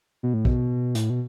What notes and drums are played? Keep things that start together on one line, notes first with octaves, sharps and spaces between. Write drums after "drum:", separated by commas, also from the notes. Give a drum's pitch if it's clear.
B2
A2
B2, drum: kick
A2, drum: hi-hat
B2